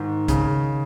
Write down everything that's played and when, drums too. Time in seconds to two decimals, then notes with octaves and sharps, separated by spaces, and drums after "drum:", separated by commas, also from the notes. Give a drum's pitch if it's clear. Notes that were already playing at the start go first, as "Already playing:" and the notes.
Already playing: G#2 D#3
0.28 C#3, drum: kick, hi-hat